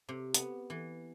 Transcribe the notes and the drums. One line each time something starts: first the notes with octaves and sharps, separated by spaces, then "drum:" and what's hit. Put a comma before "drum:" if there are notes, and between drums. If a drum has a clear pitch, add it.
C3
B3, drum: hi-hat
E3